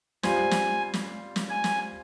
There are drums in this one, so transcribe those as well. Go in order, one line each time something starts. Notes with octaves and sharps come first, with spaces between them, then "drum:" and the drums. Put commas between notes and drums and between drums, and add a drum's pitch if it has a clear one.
G3 C4 F4 C5 G#5, drum: snare
drum: snare
drum: snare
drum: snare
G#5
drum: snare